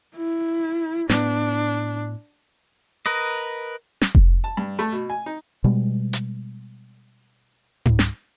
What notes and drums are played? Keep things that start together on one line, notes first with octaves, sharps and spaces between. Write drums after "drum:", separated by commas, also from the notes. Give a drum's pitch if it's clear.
E4
A2 B3 D4, drum: snare
A#4 B4 D#5
drum: snare
drum: kick F1
A5
G2
A3
B2
G#5
D#4
B2 G3 G#3
drum: hi-hat
drum: tom G#2
drum: snare